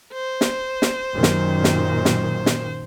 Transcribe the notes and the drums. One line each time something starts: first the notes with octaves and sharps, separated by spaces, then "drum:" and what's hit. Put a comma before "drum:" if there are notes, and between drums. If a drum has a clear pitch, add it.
C5
drum: snare
drum: snare
F#2 A#2 D#3
drum: snare
drum: snare
drum: snare
drum: snare